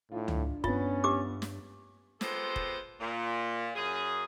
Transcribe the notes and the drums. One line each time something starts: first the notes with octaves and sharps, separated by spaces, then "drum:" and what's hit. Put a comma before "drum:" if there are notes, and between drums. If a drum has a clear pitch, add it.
A2 D4 D#4 F4
drum: tom C#2
G2 B3 C#4 F4 A6, drum: kick
F4 G4 E5 D6
drum: snare
G#3 B3 F4 G4 A4 C5, drum: snare
drum: kick
A#2
F#2 G#4